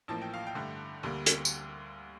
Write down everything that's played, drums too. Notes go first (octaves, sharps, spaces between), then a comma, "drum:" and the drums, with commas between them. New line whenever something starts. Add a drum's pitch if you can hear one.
A1 A2 F3 A#3 A5
G5
F5
G5
G2 D3 A3
D2 D3 G3 A#3
drum: hi-hat
drum: tambourine